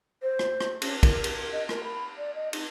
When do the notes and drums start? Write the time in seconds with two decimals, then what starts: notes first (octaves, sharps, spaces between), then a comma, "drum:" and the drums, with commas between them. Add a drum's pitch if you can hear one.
0.23 C5
0.39 drum: rim click
0.60 drum: rim click
0.82 C#4, drum: cymbal
1.03 A#4, drum: kick, cymbal
1.24 drum: cymbal
1.53 D#5
1.69 A#4, drum: rim click
1.84 B5
2.18 D5
2.35 D#5
2.53 D#4, drum: cymbal